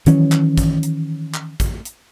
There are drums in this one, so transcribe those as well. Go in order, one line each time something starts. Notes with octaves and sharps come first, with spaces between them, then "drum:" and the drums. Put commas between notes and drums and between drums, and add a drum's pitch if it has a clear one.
D#3 E3 F#3 C#4, drum: hi-hat
drum: clap
drum: kick, hi-hat
drum: hi-hat
drum: clap
drum: kick, hi-hat
drum: hi-hat